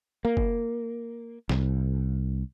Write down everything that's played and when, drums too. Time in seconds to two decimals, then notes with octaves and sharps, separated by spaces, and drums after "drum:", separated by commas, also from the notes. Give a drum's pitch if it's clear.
0.25 A#3
0.37 drum: kick
1.49 C2, drum: snare